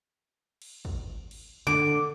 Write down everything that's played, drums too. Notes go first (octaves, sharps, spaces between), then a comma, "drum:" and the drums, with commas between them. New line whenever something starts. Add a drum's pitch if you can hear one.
drum: cymbal
drum: kick
drum: cymbal
D3 D6, drum: snare